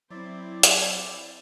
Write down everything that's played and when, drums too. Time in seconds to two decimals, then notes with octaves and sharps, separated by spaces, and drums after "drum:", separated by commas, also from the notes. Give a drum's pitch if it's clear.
0.11 F#3 C4 E4 C5 D5
0.63 drum: hi-hat